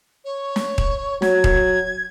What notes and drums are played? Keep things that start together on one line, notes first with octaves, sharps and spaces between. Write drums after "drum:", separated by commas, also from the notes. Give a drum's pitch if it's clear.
C#5
drum: snare
drum: kick D#1
F#3 G#6, drum: snare
drum: kick D#1